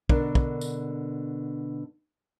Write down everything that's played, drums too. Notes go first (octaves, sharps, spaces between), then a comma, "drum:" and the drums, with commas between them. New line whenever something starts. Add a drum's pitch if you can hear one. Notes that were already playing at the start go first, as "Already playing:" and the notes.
B2 D3 D4 A#4, drum: kick
drum: kick
drum: tambourine